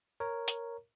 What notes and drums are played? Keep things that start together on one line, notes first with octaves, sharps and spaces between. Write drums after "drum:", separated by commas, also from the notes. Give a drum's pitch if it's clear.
A#4 C#5
drum: hi-hat